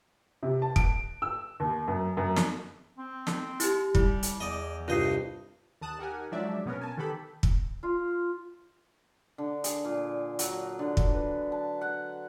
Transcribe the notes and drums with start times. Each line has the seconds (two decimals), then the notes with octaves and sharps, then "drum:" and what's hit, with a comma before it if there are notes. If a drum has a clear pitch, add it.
0.43 C3
0.62 A5
0.76 D7, drum: kick
1.22 E6
1.60 D#2
1.88 F#2
2.17 F#2
2.36 drum: snare
2.97 C4
3.27 drum: snare
3.60 E4 G4, drum: hi-hat
3.95 G3 E4, drum: kick
4.23 drum: hi-hat
4.41 E2 D5 D#5
4.88 C2 G2 F4 D#5 G6 C7
5.81 D#2 A5 D#6 F#6 E7
5.98 D#4 G4 A#4 F#5 G#5
6.32 F3 F#3 G#3 D4 D5 E5
6.66 B2 B3 C#4 A#4
6.81 G#5 A5
6.97 D#3 B3 G4 A4 B5
7.43 drum: kick
7.83 F4
9.38 D3
9.64 G#4, drum: hi-hat
9.85 A#2
10.39 F#3, drum: hi-hat
10.79 D3
10.97 drum: kick
11.13 B4
11.52 A5
11.81 F#5